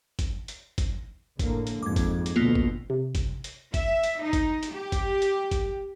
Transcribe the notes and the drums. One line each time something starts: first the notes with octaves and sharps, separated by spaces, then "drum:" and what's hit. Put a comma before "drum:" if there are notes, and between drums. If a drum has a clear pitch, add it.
drum: kick, hi-hat
drum: hi-hat
drum: kick, hi-hat
A2 D3 A#3, drum: kick, hi-hat
drum: hi-hat
F2 G#2 D6 G#6
drum: kick, hi-hat
drum: hi-hat
D2 B2 D3 A#3 B3 F4
drum: kick
C3
drum: kick, hi-hat
drum: hi-hat
E5, drum: kick, hi-hat
drum: hi-hat
D#4
drum: kick, hi-hat
drum: hi-hat
G4
drum: kick, hi-hat
drum: hi-hat
drum: kick, hi-hat